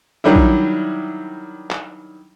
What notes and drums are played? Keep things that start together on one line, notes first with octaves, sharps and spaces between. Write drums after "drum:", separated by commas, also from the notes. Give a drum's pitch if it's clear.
D#3 F#3 G3 D4 E4
drum: kick
drum: clap